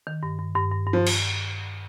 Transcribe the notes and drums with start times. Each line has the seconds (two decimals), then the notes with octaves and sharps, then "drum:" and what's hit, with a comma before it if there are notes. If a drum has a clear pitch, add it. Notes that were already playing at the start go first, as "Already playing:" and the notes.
0.07 D#3
0.23 G2
0.39 G2
0.55 G2
0.71 G2
0.87 G2
0.93 F3
1.06 drum: cymbal